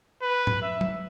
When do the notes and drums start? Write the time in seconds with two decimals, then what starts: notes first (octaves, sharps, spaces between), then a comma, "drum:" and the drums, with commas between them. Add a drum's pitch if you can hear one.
0.22 B4
0.47 drum: tom G#2
0.62 E5
0.81 drum: tom F#3